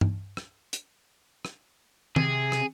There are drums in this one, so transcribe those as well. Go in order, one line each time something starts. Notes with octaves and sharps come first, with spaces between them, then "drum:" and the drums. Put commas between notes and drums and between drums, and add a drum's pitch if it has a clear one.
drum: tom G2
drum: rim click
drum: hi-hat
drum: rim click
C3 G#4, drum: tom D#3
drum: rim click